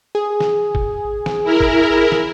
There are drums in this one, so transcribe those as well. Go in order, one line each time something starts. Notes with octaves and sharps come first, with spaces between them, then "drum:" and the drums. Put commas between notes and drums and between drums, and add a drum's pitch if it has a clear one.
G#4
drum: snare
drum: kick
drum: snare
E4 A#4
drum: kick
drum: snare